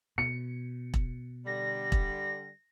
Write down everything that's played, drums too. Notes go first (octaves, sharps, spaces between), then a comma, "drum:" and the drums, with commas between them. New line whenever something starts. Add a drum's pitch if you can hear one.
B2 C#7
drum: kick E1
D3 G3 A#6
drum: kick E1